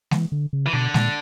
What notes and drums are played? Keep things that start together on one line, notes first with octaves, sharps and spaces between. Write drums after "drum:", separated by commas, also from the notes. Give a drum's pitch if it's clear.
E3, drum: snare G#3
D3
C#3
E3
B2 D3
A#2, drum: snare G#3